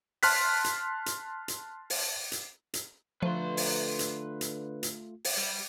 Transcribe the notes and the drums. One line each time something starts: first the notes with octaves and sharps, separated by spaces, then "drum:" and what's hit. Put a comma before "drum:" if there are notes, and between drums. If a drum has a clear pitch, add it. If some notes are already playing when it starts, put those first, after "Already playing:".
A5 C6 F6 F#6 B6, drum: open hi-hat
drum: hi-hat
drum: hi-hat
drum: hi-hat
drum: open hi-hat
drum: hi-hat
drum: hi-hat
D3 F3 A3 F4 B4 C6
drum: open hi-hat
drum: hi-hat
drum: hi-hat
drum: hi-hat
drum: open hi-hat
G3